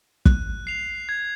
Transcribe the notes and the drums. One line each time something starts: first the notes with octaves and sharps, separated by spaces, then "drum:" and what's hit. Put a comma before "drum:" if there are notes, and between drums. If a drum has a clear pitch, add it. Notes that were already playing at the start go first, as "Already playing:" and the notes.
F#6, drum: kick
C7 F7
G#6